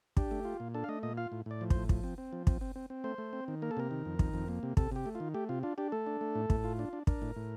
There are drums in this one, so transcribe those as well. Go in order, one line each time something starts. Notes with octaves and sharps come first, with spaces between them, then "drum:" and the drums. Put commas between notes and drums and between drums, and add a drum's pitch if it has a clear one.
D4 G4, drum: kick
A3
F4
A#2
D4 A4
F5
A3 D#5
A#2 D#5
F4 F5
A2
A2 D5
F3
A2 C5, drum: kick
F3, drum: kick
C4
C4
F3
C4, drum: kick
C4
C4
C4
A3 C5
A3
C4
D#3
A#3 A#4
A4
C3 A#4
D#3
F2
D#3, drum: kick
F2
A#3
C3
C3 A4, drum: kick
C3 G4
A3
D#3 F4
A3 G4
C3 F4
D4 F4
D4 G4
A3 A4
D4
A3
A2
A2, drum: kick
F4
D4
D4
D4 A#4, drum: kick
A2
A2